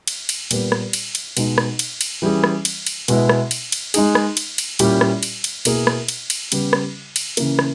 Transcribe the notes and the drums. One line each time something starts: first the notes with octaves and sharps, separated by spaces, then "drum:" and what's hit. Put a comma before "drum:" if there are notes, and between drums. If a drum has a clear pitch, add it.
drum: cymbal
drum: cymbal
A#2 G3 B3 G4, drum: cymbal
drum: rim click
drum: cymbal
drum: cymbal
B2 G#3 D#4, drum: cymbal
drum: rim click
drum: cymbal
drum: cymbal
E3 G3 C#4 G#4
drum: rim click
drum: cymbal
drum: cymbal
B2 G#3 B3 E4, drum: cymbal
drum: rim click
drum: cymbal
drum: cymbal
G#3 D#4 G#4, drum: cymbal
drum: rim click
drum: cymbal
drum: cymbal
A#2 G3 C#4 E4 G4, drum: cymbal
drum: rim click
drum: cymbal
drum: cymbal
B2 A#3 E4 G#4, drum: cymbal
drum: rim click
drum: cymbal
drum: cymbal
C#3 G3 B3 G4, drum: cymbal
drum: rim click
drum: cymbal
C#3 E3 A#3, drum: cymbal
drum: rim click